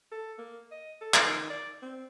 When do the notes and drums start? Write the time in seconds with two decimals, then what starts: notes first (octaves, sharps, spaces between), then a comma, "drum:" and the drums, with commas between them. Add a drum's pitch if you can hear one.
0.12 A4
0.39 A#3
0.71 D#5
1.01 A4
1.14 drum: clap
1.27 D#3
1.50 D5
1.82 C4